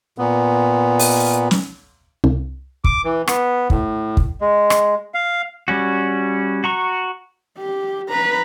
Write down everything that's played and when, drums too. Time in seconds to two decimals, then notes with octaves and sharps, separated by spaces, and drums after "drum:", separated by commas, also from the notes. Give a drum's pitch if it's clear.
0.18 A#2 B3
0.99 drum: open hi-hat
1.51 drum: snare
2.24 C2
2.84 D6, drum: kick
3.05 E3
3.27 B3, drum: rim click
3.70 A2, drum: kick
4.17 drum: kick
4.41 G#3
4.70 drum: rim click
5.14 F5
5.68 G3 C#4 F#4
6.64 F#4 A#5 C#6
7.58 G4
8.09 B4 A#5